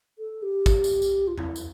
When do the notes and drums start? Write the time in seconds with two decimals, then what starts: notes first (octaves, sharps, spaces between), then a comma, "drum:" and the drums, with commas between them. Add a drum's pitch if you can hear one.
0.19 A4
0.43 G4
0.66 drum: kick, tambourine
0.84 drum: tambourine
1.02 drum: tambourine
1.28 F4
1.38 E4, drum: tom E2
1.56 drum: tambourine